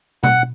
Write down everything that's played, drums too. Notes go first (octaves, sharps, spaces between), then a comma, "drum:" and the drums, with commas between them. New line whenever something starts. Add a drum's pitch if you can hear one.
F#5, drum: tom B2